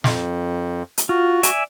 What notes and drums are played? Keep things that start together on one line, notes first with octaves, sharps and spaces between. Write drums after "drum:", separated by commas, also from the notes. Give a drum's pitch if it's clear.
F2, drum: snare
drum: hi-hat
F4 F#4
D5 E5 G#5, drum: hi-hat